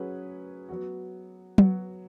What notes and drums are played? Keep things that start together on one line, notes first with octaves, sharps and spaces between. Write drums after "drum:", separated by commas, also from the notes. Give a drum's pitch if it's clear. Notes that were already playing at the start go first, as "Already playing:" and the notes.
Already playing: F#3 C#4 G#4 B4
F#3 B3 F#4
F#3 B3 F#4, drum: tom F#3